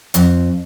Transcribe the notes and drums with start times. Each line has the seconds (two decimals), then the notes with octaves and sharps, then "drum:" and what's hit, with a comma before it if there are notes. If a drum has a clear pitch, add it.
0.14 F2, drum: hi-hat